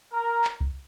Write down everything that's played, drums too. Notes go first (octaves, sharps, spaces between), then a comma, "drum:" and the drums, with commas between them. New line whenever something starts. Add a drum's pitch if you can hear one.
A#4
drum: clap
drum: kick C2